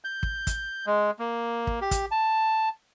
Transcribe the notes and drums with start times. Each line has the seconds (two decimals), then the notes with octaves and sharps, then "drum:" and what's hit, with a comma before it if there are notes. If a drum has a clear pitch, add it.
0.04 G6
0.23 drum: kick
0.47 drum: kick, hi-hat
0.86 G#3
1.19 A#3
1.67 drum: kick
1.81 G4
1.91 drum: kick, hi-hat
2.11 A5